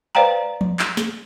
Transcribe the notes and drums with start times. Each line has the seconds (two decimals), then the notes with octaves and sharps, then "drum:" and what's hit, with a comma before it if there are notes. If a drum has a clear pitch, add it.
0.15 B4 C5 D5 F5 G5 A#5
0.61 drum: tom F3
0.79 drum: clap
0.97 drum: snare